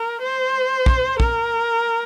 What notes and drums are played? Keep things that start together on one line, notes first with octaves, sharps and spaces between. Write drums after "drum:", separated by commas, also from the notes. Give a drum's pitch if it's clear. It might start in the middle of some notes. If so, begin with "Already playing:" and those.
Already playing: A#4
C5
drum: kick
A#4, drum: kick